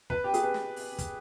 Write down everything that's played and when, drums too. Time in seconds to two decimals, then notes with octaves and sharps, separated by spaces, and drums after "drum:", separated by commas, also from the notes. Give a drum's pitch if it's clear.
0.10 B4, drum: kick
0.24 G4
0.34 G#4, drum: hi-hat
0.43 B4
0.54 drum: snare
0.76 drum: open hi-hat
0.98 drum: kick, hi-hat